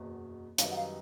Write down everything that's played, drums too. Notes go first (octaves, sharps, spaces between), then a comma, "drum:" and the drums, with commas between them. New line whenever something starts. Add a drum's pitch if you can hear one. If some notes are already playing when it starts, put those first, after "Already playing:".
Already playing: F#1 E2 B2
F#2 D#3 G3 B3 D#4 F5, drum: hi-hat
F#5
F5